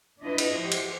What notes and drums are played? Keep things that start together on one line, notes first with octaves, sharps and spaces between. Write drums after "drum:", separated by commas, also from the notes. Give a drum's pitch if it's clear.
D4 E4 F4 B4 D#5
drum: cymbal
F3 G4 C5
drum: cymbal